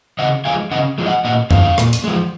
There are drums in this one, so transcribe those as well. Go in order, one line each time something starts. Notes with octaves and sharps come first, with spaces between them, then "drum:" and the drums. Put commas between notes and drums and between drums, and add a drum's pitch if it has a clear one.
C#3 D#5 F#5
F3 G#3 F5 G#5
C#3 D#5 F#5
F3 G#3
D#5 F#5
A#2 D#5 F#5
F3 G#3 C#5 F5, drum: tom
A#2, drum: rim click
drum: hi-hat
F3 G#3